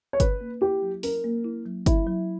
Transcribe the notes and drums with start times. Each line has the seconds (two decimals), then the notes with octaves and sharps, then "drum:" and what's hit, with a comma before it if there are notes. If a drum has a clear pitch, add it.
0.13 C#5
0.20 C#4 B4, drum: kick G1, hi-hat
0.41 A#3
0.61 E4 G4
0.82 F#3
1.03 C#4 A#4, drum: open hi-hat
1.24 A#3
1.44 E4
1.65 F#3
1.86 C#4 E4, drum: kick G1, hi-hat
2.07 F#3